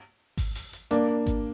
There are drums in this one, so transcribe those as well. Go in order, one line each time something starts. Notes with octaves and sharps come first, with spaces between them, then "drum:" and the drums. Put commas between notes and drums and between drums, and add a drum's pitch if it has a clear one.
drum: kick G#1, open hi-hat
drum: open hi-hat
drum: hi-hat
A#3 D4, drum: hi-hat
drum: kick G#1, hi-hat